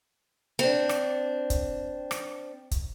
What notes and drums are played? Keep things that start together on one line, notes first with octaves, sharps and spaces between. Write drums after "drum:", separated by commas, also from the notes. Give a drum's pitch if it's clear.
C4 D4
drum: rim click
drum: kick, hi-hat
drum: rim click
drum: kick, hi-hat